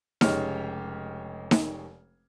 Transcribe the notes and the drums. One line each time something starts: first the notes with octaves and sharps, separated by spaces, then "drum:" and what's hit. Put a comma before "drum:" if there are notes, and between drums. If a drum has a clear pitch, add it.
F1 C#3 G#3 G4 C#5 F6, drum: snare D#4
drum: snare D#4